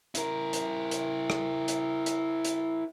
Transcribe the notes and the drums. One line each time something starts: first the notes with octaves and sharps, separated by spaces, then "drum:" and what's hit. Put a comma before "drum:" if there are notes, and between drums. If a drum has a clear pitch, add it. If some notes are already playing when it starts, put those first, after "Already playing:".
E4 A#4, drum: hi-hat
drum: hi-hat
drum: hi-hat
drum: rim click
drum: hi-hat
drum: hi-hat
drum: hi-hat